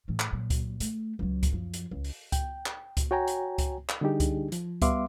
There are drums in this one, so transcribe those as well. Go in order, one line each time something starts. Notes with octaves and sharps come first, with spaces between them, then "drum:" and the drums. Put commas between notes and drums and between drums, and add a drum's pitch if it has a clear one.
A2 E3
drum: clap
A#2 F#3
drum: kick C#2, hi-hat
A3, drum: hi-hat
C#2 F#3
drum: kick C#2, hi-hat
F#2 F3
drum: hi-hat
C#2
drum: open hi-hat
G5, drum: kick C#2, hi-hat
drum: clap
drum: kick C#2, hi-hat
F#4 C#5 G5 G#5 A#5
drum: hi-hat
drum: kick C#2, hi-hat
drum: clap
D3 G3 D4 D#4 G4 G#4
drum: kick C#2, hi-hat
F3, drum: hi-hat
G3 B3 E5 F5 C6 D6, drum: kick C#2, hi-hat